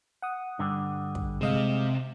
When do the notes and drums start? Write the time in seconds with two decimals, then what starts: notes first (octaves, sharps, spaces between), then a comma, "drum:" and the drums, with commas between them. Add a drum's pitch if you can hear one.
0.22 F#5 D#6
0.59 G2 D3
1.15 drum: kick
1.41 C3 G#3 D#5 F5